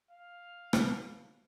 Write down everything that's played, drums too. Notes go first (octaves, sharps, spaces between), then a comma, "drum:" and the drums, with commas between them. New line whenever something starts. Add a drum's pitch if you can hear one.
F5
drum: rim click